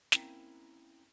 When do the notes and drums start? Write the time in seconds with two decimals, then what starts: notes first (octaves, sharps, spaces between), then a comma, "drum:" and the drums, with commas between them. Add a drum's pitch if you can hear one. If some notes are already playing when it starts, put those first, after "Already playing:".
0.12 A#3 C4 C#4 E4 G5 A#5, drum: snare